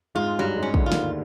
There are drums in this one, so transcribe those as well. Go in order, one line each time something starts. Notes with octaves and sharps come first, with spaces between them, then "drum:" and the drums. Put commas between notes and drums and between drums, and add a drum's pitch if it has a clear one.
G#2 G#3 F4
G2 F#3 G3
G#2 G#3
C#4
D2 D3, drum: kick
F4
D#2 D#3, drum: snare